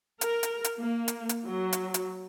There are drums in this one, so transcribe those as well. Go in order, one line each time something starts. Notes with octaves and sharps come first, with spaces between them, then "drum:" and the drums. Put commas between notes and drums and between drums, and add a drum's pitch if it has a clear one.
A#4, drum: hi-hat
drum: hi-hat
drum: hi-hat
A#3
drum: hi-hat
drum: hi-hat
F#3
drum: hi-hat
drum: hi-hat